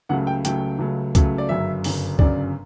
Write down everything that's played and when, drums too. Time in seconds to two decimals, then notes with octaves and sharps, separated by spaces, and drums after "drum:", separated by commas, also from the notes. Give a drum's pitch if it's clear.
0.09 C#2 C#3 F#3 A3 F#5
0.27 G5
0.45 C#2 C#3 F#3 A3 G5, drum: hi-hat
0.79 C#2 C#3 F#3 A3
1.15 C#2 C#3 F#3 A3, drum: kick C2, hi-hat
1.38 D5
1.49 G1 F#2 C#3 F#3 E5
1.84 G1 F#2 C#3 F#3, drum: open hi-hat
2.19 G1 F#2 C#3 F#3 D5, drum: kick C2